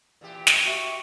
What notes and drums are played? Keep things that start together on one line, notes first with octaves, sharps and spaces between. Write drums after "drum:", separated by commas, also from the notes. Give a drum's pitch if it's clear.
A#2 E3 G4
drum: snare
F#4 E5 C#6